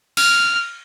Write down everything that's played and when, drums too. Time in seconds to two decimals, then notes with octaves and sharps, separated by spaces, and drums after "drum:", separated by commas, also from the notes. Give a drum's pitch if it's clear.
0.17 F6, drum: cymbal